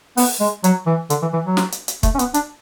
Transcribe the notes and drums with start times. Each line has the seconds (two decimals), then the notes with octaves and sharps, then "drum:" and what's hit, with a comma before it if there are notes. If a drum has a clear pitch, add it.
0.17 B3, drum: open hi-hat
0.40 G#3
0.64 F#3, drum: hi-hat
0.87 E3
1.10 D3, drum: hi-hat
1.22 E3
1.33 E3
1.45 F#3
1.57 drum: snare
1.72 drum: hi-hat
1.88 drum: hi-hat
2.03 A3, drum: kick, hi-hat
2.15 C#4
2.19 B3, drum: hi-hat
2.34 D4, drum: hi-hat